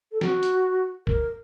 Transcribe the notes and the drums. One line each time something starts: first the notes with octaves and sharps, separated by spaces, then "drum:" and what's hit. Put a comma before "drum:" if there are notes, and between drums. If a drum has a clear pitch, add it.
A4
F#4, drum: snare
drum: hi-hat
A#4, drum: kick C2